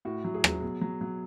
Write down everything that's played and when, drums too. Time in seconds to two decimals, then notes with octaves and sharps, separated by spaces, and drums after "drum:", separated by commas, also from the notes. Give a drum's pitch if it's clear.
0.05 A2 F#4
0.25 F#3
0.34 G#4
0.44 F#3, drum: rim click
0.63 B2
0.82 F#3
1.01 F#3